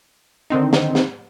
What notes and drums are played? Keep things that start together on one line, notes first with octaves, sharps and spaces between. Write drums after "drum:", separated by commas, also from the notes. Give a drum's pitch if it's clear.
D3 D#3 C4 D#4
drum: snare
drum: snare